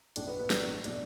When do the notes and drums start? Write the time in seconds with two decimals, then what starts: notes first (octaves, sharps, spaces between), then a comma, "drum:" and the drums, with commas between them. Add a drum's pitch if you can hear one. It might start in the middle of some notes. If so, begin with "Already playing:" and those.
0.16 B1 A2 A3 D4, drum: hi-hat
0.27 B3
0.39 B3
0.50 A1 A2 F#3 A3 D4, drum: snare
0.84 B2 A3 D4, drum: hi-hat